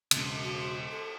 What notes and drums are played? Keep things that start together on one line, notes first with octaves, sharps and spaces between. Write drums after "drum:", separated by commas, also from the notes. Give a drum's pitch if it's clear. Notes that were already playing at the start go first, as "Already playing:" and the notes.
E1 C#3, drum: cymbal
F#4
A4